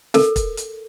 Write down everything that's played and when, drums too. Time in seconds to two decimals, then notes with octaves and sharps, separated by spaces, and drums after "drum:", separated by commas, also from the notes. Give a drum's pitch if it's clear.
0.14 A4 A#4, drum: snare
0.36 drum: kick, hi-hat
0.57 drum: hi-hat